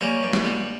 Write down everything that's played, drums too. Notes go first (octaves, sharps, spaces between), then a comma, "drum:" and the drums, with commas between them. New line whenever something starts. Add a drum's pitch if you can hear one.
G3 A#3 C#4
G2
drum: snare
G3